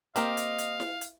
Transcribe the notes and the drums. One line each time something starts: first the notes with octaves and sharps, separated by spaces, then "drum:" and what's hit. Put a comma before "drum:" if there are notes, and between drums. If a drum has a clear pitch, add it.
A#3 C4 G4 A#4 D#5 F5, drum: hi-hat
drum: hi-hat
drum: hi-hat
drum: snare E4
drum: hi-hat